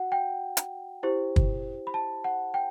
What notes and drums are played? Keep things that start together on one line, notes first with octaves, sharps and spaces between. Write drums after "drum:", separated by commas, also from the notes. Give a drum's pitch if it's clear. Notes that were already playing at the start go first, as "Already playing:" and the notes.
Already playing: F#4 F#5
G5
drum: hi-hat
E4 G4 C5
drum: kick
B5
A5
F#5
G5